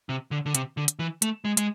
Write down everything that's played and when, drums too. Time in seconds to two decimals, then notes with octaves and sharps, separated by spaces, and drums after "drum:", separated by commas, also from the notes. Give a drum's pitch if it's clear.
0.09 C3
0.31 D3
0.46 D3
0.55 C3, drum: hi-hat
0.77 D3
0.88 drum: hi-hat
0.99 E3
1.22 A3, drum: hi-hat
1.45 G#3
1.57 G#3, drum: hi-hat